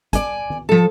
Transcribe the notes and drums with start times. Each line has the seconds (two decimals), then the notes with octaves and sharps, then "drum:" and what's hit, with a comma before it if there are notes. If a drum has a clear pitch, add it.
0.13 D5 G#5, drum: kick, hi-hat
0.50 drum: tom D#3
0.69 F3 A4